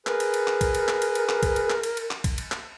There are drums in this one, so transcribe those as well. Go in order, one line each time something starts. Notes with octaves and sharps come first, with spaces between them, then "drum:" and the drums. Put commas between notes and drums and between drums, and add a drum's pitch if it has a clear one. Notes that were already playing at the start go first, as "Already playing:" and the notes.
G#4 A#4 B4, drum: clap
drum: cymbal
drum: cymbal
drum: clap
drum: kick A#1, cymbal
drum: cymbal
drum: clap
drum: cymbal
drum: cymbal
drum: clap
drum: kick A#1, cymbal
drum: cymbal
drum: clap
drum: cymbal
drum: cymbal
drum: clap
drum: kick A#1, cymbal
drum: cymbal
drum: clap